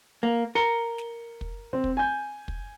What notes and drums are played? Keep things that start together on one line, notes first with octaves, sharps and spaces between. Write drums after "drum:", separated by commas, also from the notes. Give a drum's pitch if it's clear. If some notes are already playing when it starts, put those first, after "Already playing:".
A#3
A#4 C#7 G7
drum: snare
drum: kick
C4
drum: kick
G#5 G6
drum: kick